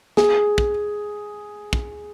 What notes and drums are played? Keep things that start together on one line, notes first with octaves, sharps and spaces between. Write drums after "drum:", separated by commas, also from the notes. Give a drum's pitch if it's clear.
G#4, drum: snare
drum: kick
drum: kick